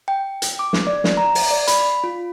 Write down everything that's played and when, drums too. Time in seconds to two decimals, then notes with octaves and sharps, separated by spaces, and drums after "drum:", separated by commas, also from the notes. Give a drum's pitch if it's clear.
0.08 G5
0.42 drum: hi-hat
0.59 D6
0.73 drum: snare
0.87 D5
1.04 drum: snare
1.17 A#5
1.35 drum: open hi-hat
1.51 D5
1.67 B5, drum: hi-hat
2.04 F4